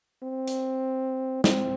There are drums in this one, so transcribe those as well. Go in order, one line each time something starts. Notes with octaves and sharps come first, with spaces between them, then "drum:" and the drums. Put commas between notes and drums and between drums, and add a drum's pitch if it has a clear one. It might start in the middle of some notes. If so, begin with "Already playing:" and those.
C4
drum: hi-hat
C4, drum: snare